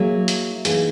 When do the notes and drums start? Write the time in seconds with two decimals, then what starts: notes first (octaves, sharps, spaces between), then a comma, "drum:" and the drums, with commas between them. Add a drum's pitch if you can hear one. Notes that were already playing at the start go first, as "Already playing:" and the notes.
Already playing: F#3 A#3 E4 G#4
0.28 drum: hi-hat
0.65 E3 A#3 D#4 G#4, drum: hi-hat